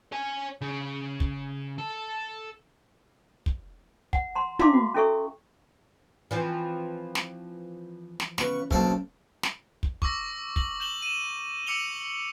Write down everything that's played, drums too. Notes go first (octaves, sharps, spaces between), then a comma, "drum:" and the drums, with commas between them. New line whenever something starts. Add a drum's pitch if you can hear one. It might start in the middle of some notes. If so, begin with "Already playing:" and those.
C#5 G#5
C#3
drum: kick
A4
drum: kick
F#5, drum: kick
A#5 C6
E4 E5 F5 C6 D6, drum: tom
F#4
C#4 E4 A4 E5 C#6
E3 F3 C4
drum: snare
drum: snare
C#3 B3 B4 C#6, drum: snare
B1 C#3 F#3 A#3 C4 A4, drum: kick
drum: snare
drum: kick
C#6 D6 E6 A#6, drum: kick
A#6 F#7, drum: kick
G6 E7 F#7 G7
D#7 E7
D6 E6 C#7 E7 F7 G7